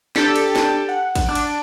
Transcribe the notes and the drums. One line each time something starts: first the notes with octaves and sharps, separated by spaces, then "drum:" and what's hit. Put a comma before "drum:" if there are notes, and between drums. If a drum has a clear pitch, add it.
D4 G4 A4, drum: snare
drum: cymbal
drum: snare
F#5
drum: kick, cymbal
D4 D7
drum: cymbal